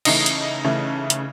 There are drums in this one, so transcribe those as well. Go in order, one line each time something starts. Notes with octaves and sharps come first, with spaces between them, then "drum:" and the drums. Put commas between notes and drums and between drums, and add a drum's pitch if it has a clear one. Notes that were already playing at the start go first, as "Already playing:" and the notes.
C#3 E3 A3 D#4 D#5, drum: cymbal
drum: hi-hat
C#3 E3 A3
drum: hi-hat